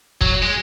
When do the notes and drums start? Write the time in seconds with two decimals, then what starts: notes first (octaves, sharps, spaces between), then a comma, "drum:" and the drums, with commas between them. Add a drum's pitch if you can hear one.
0.21 F#3, drum: kick
0.42 G#3